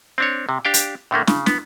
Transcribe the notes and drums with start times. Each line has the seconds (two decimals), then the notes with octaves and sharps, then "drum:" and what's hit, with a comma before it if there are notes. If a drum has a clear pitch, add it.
0.18 C4 D4 C#5
0.49 C3
0.65 D4 G4 F5 G5
0.74 drum: hi-hat
1.11 A2 D3 A3 A#3
1.27 C#3, drum: snare
1.46 B3, drum: snare